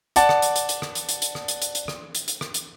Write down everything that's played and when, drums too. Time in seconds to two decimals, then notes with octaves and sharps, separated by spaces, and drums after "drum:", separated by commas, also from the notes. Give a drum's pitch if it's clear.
0.16 D5 F#5 A5, drum: hi-hat
0.29 drum: rim click
0.42 drum: hi-hat
0.56 drum: hi-hat
0.69 drum: hi-hat
0.82 drum: rim click
0.95 drum: hi-hat
1.09 drum: hi-hat
1.22 drum: hi-hat
1.35 drum: rim click
1.48 drum: hi-hat
1.62 drum: hi-hat
1.75 drum: hi-hat
1.88 drum: rim click
2.15 drum: hi-hat
2.28 drum: hi-hat
2.41 drum: rim click
2.54 drum: hi-hat